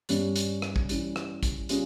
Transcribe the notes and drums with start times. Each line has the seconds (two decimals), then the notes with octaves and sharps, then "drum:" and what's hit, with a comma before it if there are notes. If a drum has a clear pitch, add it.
0.09 G2 G3 C#4, drum: hi-hat
0.36 drum: hi-hat
0.62 drum: rim click
0.76 drum: kick
0.89 E3 G3 C#4 G4, drum: hi-hat
1.16 drum: rim click
1.43 drum: kick, hi-hat
1.69 C#3 G3 C#4 F4 G#4, drum: hi-hat